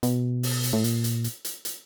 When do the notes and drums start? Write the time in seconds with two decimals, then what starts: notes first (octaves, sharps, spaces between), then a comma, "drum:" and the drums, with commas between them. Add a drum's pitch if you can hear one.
0.03 B2, drum: hi-hat
0.43 drum: open hi-hat
0.63 drum: hi-hat
0.73 A2
0.84 A#2, drum: hi-hat
1.04 drum: hi-hat
1.24 drum: hi-hat
1.45 drum: hi-hat
1.65 drum: hi-hat